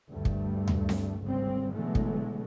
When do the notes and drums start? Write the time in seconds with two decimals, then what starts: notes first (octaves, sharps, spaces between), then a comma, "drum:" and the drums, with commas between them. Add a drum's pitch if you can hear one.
0.11 D2 G2 G3 A3
0.25 drum: kick
0.68 drum: tom D#2
0.89 drum: snare C4
1.22 G#1 D2 G#2 C#3 G3 C4
1.74 B2 D3 E3 F#3 G#3 A3
1.95 drum: kick